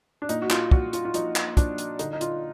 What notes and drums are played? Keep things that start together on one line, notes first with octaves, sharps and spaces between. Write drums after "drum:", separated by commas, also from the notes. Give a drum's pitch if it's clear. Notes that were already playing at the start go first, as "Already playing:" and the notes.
D4
A#2 D#4, drum: hi-hat
F#4
F4, drum: clap
A#2 F#4, drum: kick
F4, drum: hi-hat
F4
F3 D#4, drum: hi-hat
drum: clap
F3 D4, drum: kick, hi-hat
drum: hi-hat
D3 D#4, drum: hi-hat
D#4
F4, drum: hi-hat